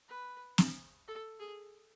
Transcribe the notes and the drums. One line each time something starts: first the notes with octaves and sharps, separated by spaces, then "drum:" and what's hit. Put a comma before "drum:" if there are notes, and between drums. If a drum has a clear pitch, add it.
B4
drum: snare
A4
G#4